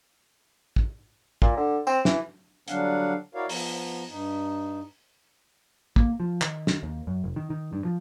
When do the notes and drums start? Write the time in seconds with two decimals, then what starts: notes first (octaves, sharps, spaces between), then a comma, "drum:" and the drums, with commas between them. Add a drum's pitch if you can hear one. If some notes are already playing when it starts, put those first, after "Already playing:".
0.76 drum: kick
1.42 A#2, drum: kick
1.57 D3
1.87 C4, drum: tambourine
2.05 E3, drum: snare
2.68 D3 F#3 G3 D4 F5 F#5, drum: hi-hat
3.35 E4 F#4 A#4 C#5 D5 F5
3.49 F3 B3 A#5, drum: open hi-hat
4.09 G2 D#4
5.96 A#3, drum: kick
6.20 F3
6.41 D#3, drum: clap
6.67 drum: snare
6.83 D#2
7.07 F#2
7.24 F1
7.36 D#3
7.50 D#3
7.73 G2
7.85 F3